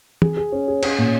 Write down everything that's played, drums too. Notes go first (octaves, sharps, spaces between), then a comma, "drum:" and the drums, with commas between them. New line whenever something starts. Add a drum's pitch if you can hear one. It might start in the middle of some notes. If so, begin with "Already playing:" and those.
G#4, drum: tom
G#4
C#4
G#4
C#4, drum: cymbal
A#2